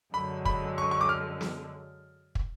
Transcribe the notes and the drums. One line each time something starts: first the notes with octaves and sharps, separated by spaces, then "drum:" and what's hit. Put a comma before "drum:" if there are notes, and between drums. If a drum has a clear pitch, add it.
F#2 D3 G#3 B5
B5, drum: kick
C#6
C#6
D6
F6
drum: snare
drum: kick